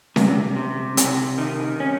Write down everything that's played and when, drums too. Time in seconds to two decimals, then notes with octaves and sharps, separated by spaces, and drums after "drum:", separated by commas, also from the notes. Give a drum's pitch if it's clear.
0.16 C3, drum: snare C#4
0.56 C3
0.97 C3, drum: hi-hat
1.38 D#3
1.80 C#4